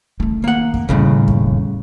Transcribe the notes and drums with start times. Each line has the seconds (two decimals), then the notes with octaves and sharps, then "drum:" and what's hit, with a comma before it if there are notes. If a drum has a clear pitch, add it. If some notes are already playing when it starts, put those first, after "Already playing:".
0.20 D#3 A3
0.44 A#3 F#5
0.74 drum: kick F2
0.89 D#2 A2 C#3 G3 B3
1.28 drum: kick F2